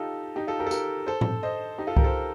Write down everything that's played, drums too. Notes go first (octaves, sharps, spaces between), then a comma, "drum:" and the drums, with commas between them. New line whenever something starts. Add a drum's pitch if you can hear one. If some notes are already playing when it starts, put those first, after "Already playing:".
Already playing: D#4 F4 G4 A4
D#4 G4
F4 A4
G4 A#4
A4
G4 A#4, drum: tambourine
A4 C5
drum: tom A2
C5 D#5
D#4 G4
F4 A4
G4 A#4, drum: kick C2
A4 C5